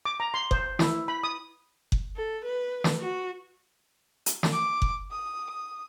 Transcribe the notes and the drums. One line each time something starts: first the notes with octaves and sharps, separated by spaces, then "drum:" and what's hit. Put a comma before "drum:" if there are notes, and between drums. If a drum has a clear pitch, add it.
D6
A#5
C6
C5, drum: kick F#1
E4, drum: snare
B5
D#6
drum: kick F#1
A4
B4
drum: snare
F#4
drum: hi-hat
drum: snare
D6
drum: kick F#1
D#6